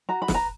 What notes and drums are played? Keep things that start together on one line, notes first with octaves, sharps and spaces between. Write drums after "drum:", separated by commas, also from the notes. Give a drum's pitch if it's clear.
F#4 A#5
B5
B4, drum: snare
A#5